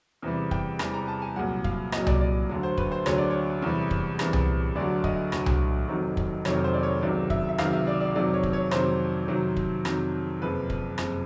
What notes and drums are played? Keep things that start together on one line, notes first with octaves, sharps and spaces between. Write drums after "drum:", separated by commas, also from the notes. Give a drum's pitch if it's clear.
E2 C3 E3 G3
G5, drum: kick
E2 C3 E3 G3 G#5, drum: rim click
A#5
A5
G#5
C2 A#2 F#3 F#5
F5, drum: kick
C2 A#2 F#3 D#5, drum: rim click
D5, drum: tom C2
D5
D2 D3 F#3
C5
B4, drum: kick
C5
D2 D3 F#3 C#5, drum: rim click
D5
C#5
E2 C3 E3 G3
drum: kick
E2 C3 E3 G3, drum: rim click
drum: tom C2
D2 D3 F#3 D5
D#5, drum: kick
D2 D3 F#3, drum: rim click
drum: tom C2
F1 F2 C3 D#3 F#3
drum: kick
F1 F2 C3 D#3 F#3 C#5, drum: rim click
C5
D5
C#5
C#2 C3 D#3 F#3 D5
E5, drum: kick
E5
C#2 C3 D#3 F#3 F5, drum: rim click
E5
D5
D5
F2 C3 D#3 F#3 D5
C#5
drum: kick
C#5
F2 C3 D#3 F#3 C5, drum: rim click
F2 C3 D#3 F#3
drum: kick
F2 C3 D#3 F#3, drum: rim click
F#1 F2 C3 F3 B4
drum: kick
F#1 F2 C3 F3, drum: rim click